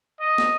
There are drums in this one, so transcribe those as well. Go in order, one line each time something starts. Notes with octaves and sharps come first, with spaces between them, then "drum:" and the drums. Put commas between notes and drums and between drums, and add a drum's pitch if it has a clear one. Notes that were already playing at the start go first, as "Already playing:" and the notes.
D#5
drum: snare